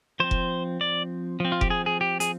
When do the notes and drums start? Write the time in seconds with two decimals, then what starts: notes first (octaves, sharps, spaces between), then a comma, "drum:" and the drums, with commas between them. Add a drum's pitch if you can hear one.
0.20 F3 C4 C5
0.31 drum: kick F1
0.81 D5
1.40 F3 C4
1.52 F4
1.61 G4, drum: kick F1
1.70 G#4
1.86 G#4
2.01 G4
2.20 G#4, drum: hi-hat